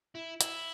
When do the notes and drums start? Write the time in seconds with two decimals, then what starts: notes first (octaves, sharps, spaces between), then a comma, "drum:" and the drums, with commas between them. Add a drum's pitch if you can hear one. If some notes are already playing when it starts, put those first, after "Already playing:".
0.15 E4
0.41 E4, drum: hi-hat